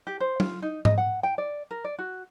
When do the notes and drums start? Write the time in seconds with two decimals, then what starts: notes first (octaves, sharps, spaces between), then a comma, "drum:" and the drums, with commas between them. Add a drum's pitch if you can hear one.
0.07 G4
0.20 C5
0.40 F4, drum: tom
0.62 D#4
0.85 D#5, drum: tom G#2
0.98 F#5
1.23 G5
1.38 D5
1.71 A#4
1.84 D5
1.99 F#4